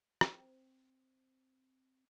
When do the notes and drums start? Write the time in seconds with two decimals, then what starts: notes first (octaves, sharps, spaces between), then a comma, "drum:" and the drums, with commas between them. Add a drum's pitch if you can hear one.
0.21 C4, drum: rim click